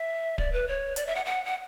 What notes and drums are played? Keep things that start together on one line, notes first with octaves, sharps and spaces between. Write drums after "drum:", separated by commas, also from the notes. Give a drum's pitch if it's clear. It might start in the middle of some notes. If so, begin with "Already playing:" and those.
Already playing: E5
D5, drum: kick D1
B4
C#5
D5, drum: hi-hat
E5
F#5
F#5
F#5